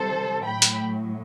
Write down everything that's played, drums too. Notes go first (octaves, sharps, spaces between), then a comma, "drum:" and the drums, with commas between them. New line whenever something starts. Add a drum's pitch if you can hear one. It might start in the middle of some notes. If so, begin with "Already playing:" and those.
Already playing: C3 D#3 G3 A4 C5
A2 F#3 G5 B5
drum: hi-hat